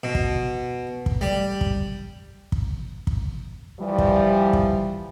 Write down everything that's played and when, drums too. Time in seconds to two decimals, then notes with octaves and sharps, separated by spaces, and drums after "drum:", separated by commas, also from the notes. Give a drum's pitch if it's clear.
0.03 B2
0.15 drum: kick
1.06 drum: kick
1.21 G3
1.61 drum: kick
2.52 drum: kick
3.07 drum: kick
3.80 E3 F3 G3
3.98 drum: kick
4.53 drum: kick